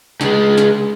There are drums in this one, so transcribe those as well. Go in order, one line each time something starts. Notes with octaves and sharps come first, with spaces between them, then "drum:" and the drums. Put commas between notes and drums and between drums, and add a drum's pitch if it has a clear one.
C#2 G#3, drum: snare
drum: snare